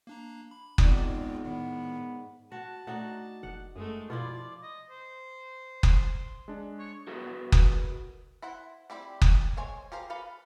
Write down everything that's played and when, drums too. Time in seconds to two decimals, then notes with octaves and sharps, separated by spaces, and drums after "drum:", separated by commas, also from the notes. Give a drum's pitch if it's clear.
0.07 A#3 D4 A#5
0.51 B5
0.78 E2 G#2 G#3 C4 F4 D5, drum: kick F#1
1.44 A2 D#3 B3
2.52 F#4 A5
2.87 A3 D4 D#4 F#4
3.43 F#1 F#5
3.76 F#2 G#3 A3
4.10 B2 F3 E4 F4 D5
4.62 D#5
4.90 C5
5.83 drum: kick F#1
6.48 G#3 D4
6.79 C#5
7.07 F#4 G#4 A#4 B4 D#5
7.52 drum: kick F#1
8.42 E4 C5 F#5
8.90 G3 C4 E4 G4
9.21 drum: kick F#1
9.57 G#3 C5 C#5 G#5
9.92 G4 G#4 A#4 C5 F5
10.10 A4 B4 F5